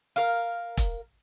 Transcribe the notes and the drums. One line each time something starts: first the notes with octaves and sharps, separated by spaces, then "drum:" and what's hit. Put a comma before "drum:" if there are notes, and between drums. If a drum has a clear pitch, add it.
A#4 F5
drum: kick E1, hi-hat